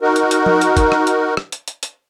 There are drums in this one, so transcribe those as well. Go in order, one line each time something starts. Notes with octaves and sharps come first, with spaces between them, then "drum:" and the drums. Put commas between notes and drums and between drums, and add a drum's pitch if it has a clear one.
D#4 F#4 A#4
drum: hi-hat
drum: hi-hat
drum: tom F3
drum: hi-hat
drum: kick, hi-hat
drum: rim click
drum: hi-hat
drum: rim click
drum: hi-hat
drum: hi-hat
drum: hi-hat